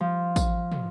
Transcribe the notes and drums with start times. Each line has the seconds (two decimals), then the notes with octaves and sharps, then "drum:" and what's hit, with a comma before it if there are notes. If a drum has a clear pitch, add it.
0.01 F3
0.36 drum: kick, tambourine
0.72 drum: tom